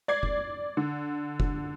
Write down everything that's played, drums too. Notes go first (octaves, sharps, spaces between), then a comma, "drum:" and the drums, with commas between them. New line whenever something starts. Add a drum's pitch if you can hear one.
D5 G#6 C7
drum: kick F1
D3
drum: kick F1